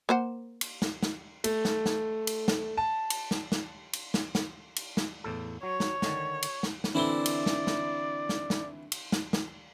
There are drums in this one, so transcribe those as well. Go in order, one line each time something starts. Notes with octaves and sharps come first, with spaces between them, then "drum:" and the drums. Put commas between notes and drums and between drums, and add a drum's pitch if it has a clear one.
A#3 C5 F#5
drum: cymbal
drum: snare
drum: snare
A3, drum: cymbal
drum: snare
drum: snare
drum: cymbal
drum: snare
A5
drum: cymbal
drum: snare
drum: snare
drum: cymbal
drum: snare
drum: snare
drum: cymbal
drum: snare
E2 A2 A4
F#3 C#5
drum: snare
D3 D#3 A5, drum: snare
drum: cymbal
drum: snare
drum: snare
D3 E3 C4 E4 D5 G7
drum: cymbal
drum: snare
drum: snare
drum: snare
drum: snare
drum: cymbal
drum: snare
drum: snare